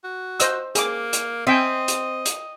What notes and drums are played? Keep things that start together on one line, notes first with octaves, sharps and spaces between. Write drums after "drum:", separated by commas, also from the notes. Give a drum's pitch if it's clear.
F#4
C5 D#5 E6, drum: hi-hat
A#3 G#4 D6, drum: hi-hat
drum: hi-hat
C4 D#5 E5 G5 G#5
drum: hi-hat
drum: hi-hat